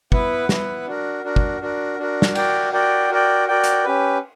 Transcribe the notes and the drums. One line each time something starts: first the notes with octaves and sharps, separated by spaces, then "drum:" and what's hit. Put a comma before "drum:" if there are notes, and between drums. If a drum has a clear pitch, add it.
B3 E4 B4 F#5, drum: kick
B3 E4 B4 F#5, drum: snare
D4 F#4 A#4
D4 F#4 A#4
drum: kick
D4 F#4 A#4
D4 F#4 A#4
drum: snare
F#4 A#4 D5 G5, drum: cymbal
F#4 A#4 D5 G5
F#4 A#4 D5 G5
F#4 A#4 D5 G5
drum: hi-hat
C#4 G4 B4